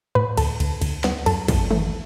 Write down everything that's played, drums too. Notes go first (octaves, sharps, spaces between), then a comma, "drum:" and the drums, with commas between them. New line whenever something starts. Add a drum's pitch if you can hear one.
A2 B4
D2 A4, drum: cymbal
D2, drum: cymbal
D2, drum: cymbal
B3, drum: snare
F#2 A4, drum: cymbal
F#2, drum: kick, cymbal
A3, drum: tom D#3